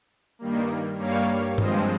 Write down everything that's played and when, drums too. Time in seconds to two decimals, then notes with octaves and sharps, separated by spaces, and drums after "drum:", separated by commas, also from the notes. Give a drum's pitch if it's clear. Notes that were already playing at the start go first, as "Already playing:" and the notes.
0.39 G2 D#3 G3 A#3
0.98 G2 G3 A#3 C#5 F5
1.58 G2 F3 G#3 C4 C5 D#5, drum: tom G2